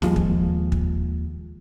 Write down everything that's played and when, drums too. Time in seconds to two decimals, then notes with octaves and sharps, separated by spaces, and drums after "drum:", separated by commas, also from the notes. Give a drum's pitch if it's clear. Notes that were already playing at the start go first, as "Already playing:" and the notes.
0.02 D#2 F3 G#3, drum: snare
0.16 drum: kick
0.72 drum: kick